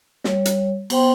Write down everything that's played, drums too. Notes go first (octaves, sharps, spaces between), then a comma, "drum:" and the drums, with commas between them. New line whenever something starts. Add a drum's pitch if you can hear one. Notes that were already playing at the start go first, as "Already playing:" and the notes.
G3 C#5, drum: snare
drum: hi-hat
B3 C5 G5 C6, drum: cymbal